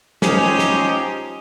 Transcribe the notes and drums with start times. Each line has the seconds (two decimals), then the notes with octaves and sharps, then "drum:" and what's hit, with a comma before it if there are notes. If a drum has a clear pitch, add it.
0.22 F3 C#4 D#4 G4 C5 D#5, drum: snare
0.59 drum: snare